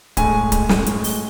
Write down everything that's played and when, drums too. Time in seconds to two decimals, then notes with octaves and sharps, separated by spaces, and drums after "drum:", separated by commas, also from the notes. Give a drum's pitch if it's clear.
0.17 A2 G#3 G#5, drum: kick C#1, hi-hat
0.52 drum: kick C#1, hi-hat
0.69 A2 G#3, drum: snare
0.86 drum: hi-hat
1.04 drum: open hi-hat